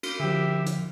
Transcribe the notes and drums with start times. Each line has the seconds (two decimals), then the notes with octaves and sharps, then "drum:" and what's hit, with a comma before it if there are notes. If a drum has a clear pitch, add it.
0.03 drum: cymbal
0.20 D3 F3 G4 E5
0.66 drum: hi-hat